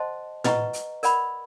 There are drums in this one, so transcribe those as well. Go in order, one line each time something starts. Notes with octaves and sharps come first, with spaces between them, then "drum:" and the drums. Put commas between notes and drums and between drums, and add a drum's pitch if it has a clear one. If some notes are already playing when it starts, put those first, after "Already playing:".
Already playing: C5 D#5 F#5 A5 C6
B4 D#5 F#5 A#5 C#6, drum: tom A2
drum: hi-hat
A#4 D5 F#5 B5, drum: hi-hat